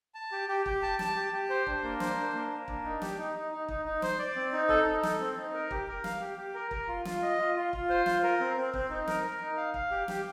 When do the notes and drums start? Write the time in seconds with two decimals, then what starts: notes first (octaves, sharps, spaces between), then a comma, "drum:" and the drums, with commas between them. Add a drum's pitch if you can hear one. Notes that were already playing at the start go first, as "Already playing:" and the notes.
0.15 A5
0.32 G4
0.48 G4
0.66 G4, drum: kick
0.82 A5
0.99 A5, drum: snare
1.16 G4
1.33 G4
1.50 C5
1.67 D4, drum: kick
1.83 A#3
2.00 C5, drum: snare
2.17 D4
2.34 A#3
2.51 A#3
2.68 D4, drum: kick
2.84 D#4
3.02 G4, drum: snare
3.18 D#4
3.35 D#4
3.52 D#4
3.68 D#4, drum: kick
3.85 D#4
4.02 C5, drum: snare
4.19 D5
4.36 C4
4.53 D#4
4.69 A4, drum: kick
4.87 D#4
5.03 A4, drum: snare
5.20 C4
5.37 D#4
5.54 A#4
5.71 G4, drum: kick
5.87 A#4
6.04 F5, drum: snare
6.20 G4
6.37 G4
6.55 A#4
6.71 A#4, drum: kick
6.88 F4
7.05 F4, drum: snare
7.22 D#5
7.39 F4
7.56 F4
7.73 F4, drum: kick
7.90 C5
8.06 F4, drum: snare
8.23 A#4
8.40 C4
8.57 C4
8.74 C4, drum: kick
8.90 D#4
9.07 A#4, drum: snare
9.24 A#4
9.41 D#4
9.57 F5
9.74 F5, drum: kick
9.91 G4
10.08 G4, drum: snare